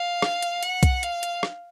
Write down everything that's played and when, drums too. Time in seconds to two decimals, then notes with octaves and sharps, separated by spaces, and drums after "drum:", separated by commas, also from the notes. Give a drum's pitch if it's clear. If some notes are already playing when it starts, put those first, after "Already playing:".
Already playing: F5
0.22 drum: rim click
0.43 drum: hi-hat
0.63 F#5, drum: hi-hat
0.83 drum: kick B1, hi-hat
1.03 F5, drum: hi-hat
1.23 drum: hi-hat
1.43 drum: rim click